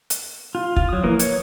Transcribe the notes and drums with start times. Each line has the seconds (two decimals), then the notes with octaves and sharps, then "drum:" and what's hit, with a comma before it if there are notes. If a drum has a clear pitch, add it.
0.10 drum: hi-hat
0.55 F4
0.76 F4, drum: kick
0.89 F#3 D#6
1.04 E3 A#3 A#4
1.19 C#5, drum: hi-hat